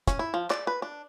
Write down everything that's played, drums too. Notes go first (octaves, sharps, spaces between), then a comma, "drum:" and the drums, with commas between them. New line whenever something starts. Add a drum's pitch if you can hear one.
C#4, drum: kick, hi-hat
E4
F3
D5, drum: clap
B4
D4